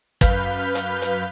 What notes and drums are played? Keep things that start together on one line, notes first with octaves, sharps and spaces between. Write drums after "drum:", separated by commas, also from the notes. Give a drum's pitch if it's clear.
F#2 B4 F5 F6 G6 B6, drum: kick, hi-hat
drum: hi-hat
drum: hi-hat